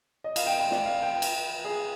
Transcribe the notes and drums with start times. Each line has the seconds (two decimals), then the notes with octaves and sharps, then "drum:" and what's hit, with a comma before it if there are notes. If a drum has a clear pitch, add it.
0.24 D#5
0.36 F5, drum: cymbal
0.47 G5
0.59 G5
0.71 D5, drum: snare
0.85 F5
1.02 G5
1.22 drum: cymbal
1.65 G#4